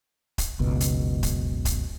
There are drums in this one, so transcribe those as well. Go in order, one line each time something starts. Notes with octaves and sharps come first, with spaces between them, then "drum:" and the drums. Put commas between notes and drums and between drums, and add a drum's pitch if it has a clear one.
drum: kick, hi-hat
F#1 C#2 B2
drum: hi-hat
drum: kick, hi-hat
drum: kick, hi-hat